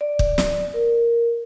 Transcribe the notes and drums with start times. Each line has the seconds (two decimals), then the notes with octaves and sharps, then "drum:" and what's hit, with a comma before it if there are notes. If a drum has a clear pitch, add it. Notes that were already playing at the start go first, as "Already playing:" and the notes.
0.01 D5
0.19 drum: kick
0.38 drum: snare
0.74 A#4